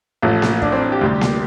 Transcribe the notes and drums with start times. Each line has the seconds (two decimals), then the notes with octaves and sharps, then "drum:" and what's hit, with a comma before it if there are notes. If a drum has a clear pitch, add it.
0.22 A1 A2 F3 A3
0.42 drum: snare A#3
0.62 D4, drum: kick
0.72 C4
0.82 D4
0.92 G4
1.01 D2 C3 G3
1.21 drum: snare A#3